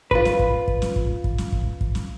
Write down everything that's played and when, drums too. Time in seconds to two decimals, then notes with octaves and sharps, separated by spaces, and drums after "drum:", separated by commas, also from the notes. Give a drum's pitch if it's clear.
0.11 F4 B4, drum: kick
0.25 drum: snare
0.39 drum: kick
0.68 drum: kick
0.82 drum: snare
0.96 drum: kick
1.24 drum: kick
1.38 drum: snare
1.52 drum: kick
1.81 drum: kick
1.95 drum: snare